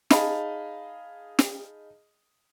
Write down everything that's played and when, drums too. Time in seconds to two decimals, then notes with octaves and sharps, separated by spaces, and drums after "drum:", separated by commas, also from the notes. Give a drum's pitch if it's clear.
0.10 D#4 G#4 D#5 F5 A5 B5, drum: snare
1.39 drum: snare